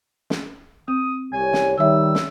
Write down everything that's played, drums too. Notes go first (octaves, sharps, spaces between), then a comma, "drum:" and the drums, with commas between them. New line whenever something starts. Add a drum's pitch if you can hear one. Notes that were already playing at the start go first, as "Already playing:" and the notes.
drum: snare
C4 D#6
C2 G3 C#5 G#5
drum: snare
D#3 G3 C#5 E5 E6
drum: snare